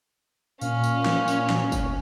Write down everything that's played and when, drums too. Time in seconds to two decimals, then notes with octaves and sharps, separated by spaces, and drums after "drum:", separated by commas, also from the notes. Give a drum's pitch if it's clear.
0.61 A#2 C#4 F5, drum: tambourine
0.84 drum: tambourine
1.06 drum: snare
1.28 drum: tambourine
1.50 drum: snare
1.72 drum: kick, tambourine